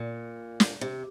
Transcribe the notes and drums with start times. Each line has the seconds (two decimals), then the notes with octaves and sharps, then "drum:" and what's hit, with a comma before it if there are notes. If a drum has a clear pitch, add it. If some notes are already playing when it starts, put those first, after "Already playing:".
Already playing: A#2
0.60 drum: snare
0.81 C3